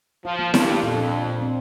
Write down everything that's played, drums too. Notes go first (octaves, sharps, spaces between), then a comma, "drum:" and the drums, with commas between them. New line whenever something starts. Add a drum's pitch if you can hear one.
F3 F4
A#3
G2 F4, drum: snare E4
A#3
F2 A#2
D4
D4
A#2
C4